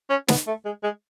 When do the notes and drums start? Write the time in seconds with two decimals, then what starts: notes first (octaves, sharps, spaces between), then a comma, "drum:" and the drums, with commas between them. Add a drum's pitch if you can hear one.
0.10 C#4
0.28 B3, drum: snare
0.47 A3
0.65 G#3
0.83 G#3